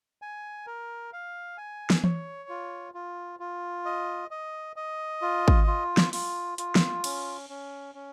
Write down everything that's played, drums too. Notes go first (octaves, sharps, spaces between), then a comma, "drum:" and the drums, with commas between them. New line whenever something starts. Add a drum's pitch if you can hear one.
G#5
A#4
F5
G#5
drum: snare
C#5, drum: tom E3
F4
F4
F4
D#5
D#5
D#5
F4
drum: kick G#1
F4
drum: snare
F4, drum: open hi-hat
F4, drum: hi-hat
drum: snare
C#4, drum: cymbal
C#4
C#4